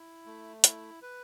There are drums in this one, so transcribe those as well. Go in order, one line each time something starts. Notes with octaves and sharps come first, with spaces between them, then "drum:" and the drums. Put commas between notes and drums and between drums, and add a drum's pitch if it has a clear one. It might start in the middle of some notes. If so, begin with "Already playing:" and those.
Already playing: E4
A3
E4, drum: hi-hat
B4